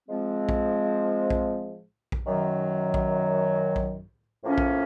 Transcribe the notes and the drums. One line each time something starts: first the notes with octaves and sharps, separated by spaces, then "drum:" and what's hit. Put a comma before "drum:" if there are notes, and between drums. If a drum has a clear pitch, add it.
F3 G#3 C4
drum: kick A#1
drum: kick A#1
drum: kick A#1
F#2 D#3 F#3
drum: kick A#1
drum: kick A#1
A2 F3 A#3 C#4
drum: kick A#1